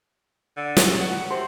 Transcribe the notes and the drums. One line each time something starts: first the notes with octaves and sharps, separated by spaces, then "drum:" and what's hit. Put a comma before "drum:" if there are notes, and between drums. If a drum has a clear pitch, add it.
D3
drum: snare
F#4
C3 C5